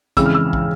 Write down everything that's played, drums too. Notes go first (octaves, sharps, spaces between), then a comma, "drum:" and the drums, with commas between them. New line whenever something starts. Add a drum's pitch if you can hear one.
F2 C#3 E3 G#3 E6, drum: kick, hi-hat
F6
E6
drum: kick